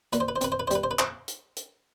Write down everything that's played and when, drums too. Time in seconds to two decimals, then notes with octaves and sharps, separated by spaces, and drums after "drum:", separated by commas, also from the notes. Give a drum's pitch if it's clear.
0.13 A#2 B4, drum: hi-hat
0.20 C5
0.28 B4
0.36 C5
0.41 C4 B4, drum: hi-hat
0.52 C5
0.60 B4
0.68 C5
0.71 G3 B4, drum: hi-hat
0.84 C5
0.91 B4
0.99 C5, drum: clap
1.28 drum: hi-hat
1.56 drum: hi-hat